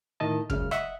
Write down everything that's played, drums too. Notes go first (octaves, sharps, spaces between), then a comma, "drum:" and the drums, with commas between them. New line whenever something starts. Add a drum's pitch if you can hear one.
A2 D#3 D#5 A5
C#2 F#2 C#3 F6, drum: kick
D#5 E5 F#5, drum: rim click